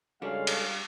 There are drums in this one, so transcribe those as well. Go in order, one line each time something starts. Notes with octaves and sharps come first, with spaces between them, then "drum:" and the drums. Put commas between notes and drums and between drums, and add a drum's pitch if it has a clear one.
C#3 G3 G#3 D4 F#4 A4 C#5 F5
drum: cymbal